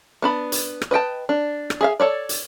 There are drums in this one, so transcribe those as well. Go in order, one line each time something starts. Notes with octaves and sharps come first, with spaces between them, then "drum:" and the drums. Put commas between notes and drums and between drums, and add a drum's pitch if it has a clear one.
B3 D4 B5
drum: hi-hat
drum: rim click
B4 D#5 G5 A5
D4
drum: rim click
G#4 E5 F5
A4 C#5 D5
drum: hi-hat